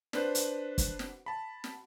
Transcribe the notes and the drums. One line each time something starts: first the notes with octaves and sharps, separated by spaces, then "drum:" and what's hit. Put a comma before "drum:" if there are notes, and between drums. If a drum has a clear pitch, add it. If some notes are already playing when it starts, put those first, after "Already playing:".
D4 B4 C5, drum: snare
drum: hi-hat
drum: kick, hi-hat
drum: snare
A5 B5
drum: snare